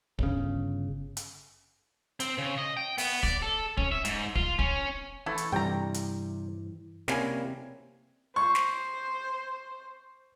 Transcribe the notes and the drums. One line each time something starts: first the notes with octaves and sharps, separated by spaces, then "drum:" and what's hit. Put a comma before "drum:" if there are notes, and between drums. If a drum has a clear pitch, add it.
G1 C#3, drum: kick
drum: hi-hat
C4, drum: hi-hat
C#3
D#5
G5
B3, drum: open hi-hat
D5, drum: kick
A4
C#4, drum: kick
E5
G#2, drum: hi-hat
F4, drum: kick
C#4, drum: kick
E3 A3 E4
drum: hi-hat
G2 C3 E3 G3 G5 A#5
drum: hi-hat
C3 G3 A#3 C#4 E4 G#5, drum: snare
C5 C#6
drum: snare